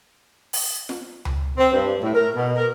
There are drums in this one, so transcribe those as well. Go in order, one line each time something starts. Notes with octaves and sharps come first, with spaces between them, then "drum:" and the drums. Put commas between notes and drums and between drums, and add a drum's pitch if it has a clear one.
drum: open hi-hat
drum: snare F4
drum: tom C#2
C4
G2
A2
A#4
B2
A#4